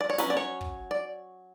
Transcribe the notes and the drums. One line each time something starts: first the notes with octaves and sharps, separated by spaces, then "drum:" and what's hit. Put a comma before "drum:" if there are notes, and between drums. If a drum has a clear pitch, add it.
D5
C#5
F#3 C#4 B4, drum: snare
D5
C#5
drum: kick
D5